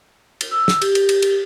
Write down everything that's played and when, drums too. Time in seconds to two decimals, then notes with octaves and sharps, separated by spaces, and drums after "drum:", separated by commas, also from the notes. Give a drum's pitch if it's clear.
0.41 drum: cymbal
0.51 E6
0.68 drum: snare
0.82 G4, drum: cymbal
0.95 drum: cymbal
1.09 drum: cymbal
1.22 drum: cymbal